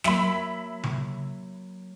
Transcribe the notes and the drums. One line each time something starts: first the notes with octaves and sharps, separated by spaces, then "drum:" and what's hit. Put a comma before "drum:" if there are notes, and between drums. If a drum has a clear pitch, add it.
F#3 A#3 E5 B5, drum: snare
drum: tom C#3